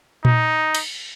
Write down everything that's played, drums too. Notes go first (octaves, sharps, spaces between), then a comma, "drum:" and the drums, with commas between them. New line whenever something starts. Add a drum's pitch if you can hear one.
D#4, drum: tom A#2
drum: cymbal